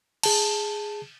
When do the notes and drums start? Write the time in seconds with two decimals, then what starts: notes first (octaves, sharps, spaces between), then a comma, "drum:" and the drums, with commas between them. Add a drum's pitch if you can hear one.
0.23 G#4 A5, drum: cymbal